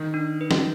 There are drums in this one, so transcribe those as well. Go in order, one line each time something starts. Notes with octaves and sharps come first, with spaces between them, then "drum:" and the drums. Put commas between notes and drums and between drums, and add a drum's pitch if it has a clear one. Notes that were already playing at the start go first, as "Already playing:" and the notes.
Already playing: D#3
D4
B4
drum: snare